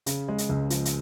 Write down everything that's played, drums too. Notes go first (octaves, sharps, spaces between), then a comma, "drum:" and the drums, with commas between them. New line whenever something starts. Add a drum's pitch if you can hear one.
C#3, drum: hi-hat
G#3
drum: hi-hat
C#2
F3, drum: hi-hat
drum: hi-hat